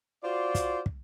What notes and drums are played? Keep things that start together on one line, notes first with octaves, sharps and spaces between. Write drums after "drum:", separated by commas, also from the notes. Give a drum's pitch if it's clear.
F4 F#4 C5 D5
drum: kick, hi-hat
drum: kick